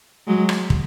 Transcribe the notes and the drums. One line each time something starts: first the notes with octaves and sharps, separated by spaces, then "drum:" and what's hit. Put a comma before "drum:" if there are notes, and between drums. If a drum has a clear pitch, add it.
F#3 G#3
drum: rim click
drum: kick